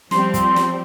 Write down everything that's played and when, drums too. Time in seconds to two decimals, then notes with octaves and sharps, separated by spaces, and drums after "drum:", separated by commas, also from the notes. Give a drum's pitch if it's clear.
0.11 F3 G3 C4 C6, drum: snare
0.34 drum: kick, hi-hat
0.56 drum: snare